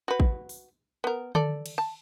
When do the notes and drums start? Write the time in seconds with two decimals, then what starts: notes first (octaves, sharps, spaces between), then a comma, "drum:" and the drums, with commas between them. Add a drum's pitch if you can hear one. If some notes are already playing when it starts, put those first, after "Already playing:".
0.08 F#4 B4
0.20 drum: kick
0.49 drum: open hi-hat
1.04 B3 A#4
1.35 A4 D5, drum: tom D3
1.66 drum: cymbal
1.78 A5